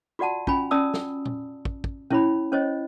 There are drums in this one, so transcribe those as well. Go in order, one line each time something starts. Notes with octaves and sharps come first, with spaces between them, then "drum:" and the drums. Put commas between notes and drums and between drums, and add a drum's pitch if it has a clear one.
F4 F#4 D5 F#5 A5
C#4 F4 G#5 B5, drum: kick
C#4 D5 A5 D#6 E6
drum: snare
drum: tom A#2
drum: kick
drum: kick
C#4 E4 C#5 B5, drum: tom A#2
C#4 C5 C#5 D#5